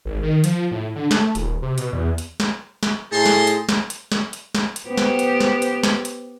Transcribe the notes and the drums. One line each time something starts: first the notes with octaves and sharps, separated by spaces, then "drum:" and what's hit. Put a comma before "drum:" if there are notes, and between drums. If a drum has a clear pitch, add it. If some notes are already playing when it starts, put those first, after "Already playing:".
G#1
D#3
F3, drum: hi-hat
A2
D3
A3, drum: snare
D#1, drum: hi-hat
C3
B2, drum: hi-hat
E2
drum: hi-hat
drum: snare
drum: snare
A2 D#4 G#4 A4 A5 C6
drum: snare
drum: hi-hat
drum: snare
drum: hi-hat
drum: snare
drum: hi-hat
drum: snare
drum: hi-hat
B3 G4 C5
drum: snare
drum: hi-hat
drum: snare
drum: hi-hat
drum: snare
drum: hi-hat